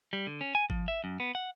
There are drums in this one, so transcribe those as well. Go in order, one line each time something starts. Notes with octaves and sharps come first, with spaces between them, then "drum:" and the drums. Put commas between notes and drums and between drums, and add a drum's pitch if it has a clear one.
G3
D3
C#4
G#5
F3, drum: kick G#1
E5
F#2
B3
F#5